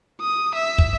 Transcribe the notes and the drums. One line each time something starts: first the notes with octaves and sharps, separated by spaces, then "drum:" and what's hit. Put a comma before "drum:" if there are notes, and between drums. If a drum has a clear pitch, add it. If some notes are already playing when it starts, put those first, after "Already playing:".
D#6
E5
drum: kick